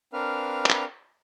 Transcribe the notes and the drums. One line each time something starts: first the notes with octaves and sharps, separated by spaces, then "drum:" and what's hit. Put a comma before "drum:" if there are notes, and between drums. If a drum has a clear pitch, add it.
C4 D4 A#4 B4 F5 F6
drum: clap